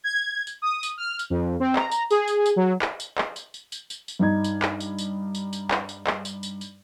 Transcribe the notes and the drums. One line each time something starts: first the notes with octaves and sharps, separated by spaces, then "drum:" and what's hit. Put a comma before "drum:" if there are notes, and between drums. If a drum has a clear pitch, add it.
G#6
drum: tambourine
D#6
drum: tambourine
F6
drum: tambourine
F2
C4
A#5, drum: clap
A#5, drum: tambourine
G#4, drum: tambourine
drum: tambourine
drum: tambourine
F#3
drum: clap
drum: tambourine
drum: clap
drum: tambourine
drum: tambourine
drum: tambourine
drum: tambourine
drum: tambourine
G2 D#4 G#6
drum: tambourine
drum: clap
drum: tambourine
drum: tambourine
drum: tambourine
drum: tambourine
drum: clap
drum: tambourine
drum: clap
drum: tambourine
drum: tambourine
drum: tambourine